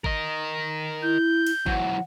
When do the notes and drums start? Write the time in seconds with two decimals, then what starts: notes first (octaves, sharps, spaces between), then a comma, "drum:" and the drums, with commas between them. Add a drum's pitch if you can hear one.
0.04 A#4 D#5, drum: kick G#1
1.02 E4 G6
1.47 drum: cymbal
1.67 E3 F#3 F#5, drum: kick G#1